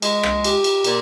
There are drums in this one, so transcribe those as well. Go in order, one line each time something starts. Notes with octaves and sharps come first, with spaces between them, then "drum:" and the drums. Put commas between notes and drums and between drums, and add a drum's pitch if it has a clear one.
G#3, drum: cymbal
drum: rim click
G4, drum: cymbal
drum: cymbal
A#2, drum: cymbal